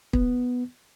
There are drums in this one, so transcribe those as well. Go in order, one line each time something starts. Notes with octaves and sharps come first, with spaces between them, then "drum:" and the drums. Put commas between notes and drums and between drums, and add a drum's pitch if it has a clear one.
B3, drum: kick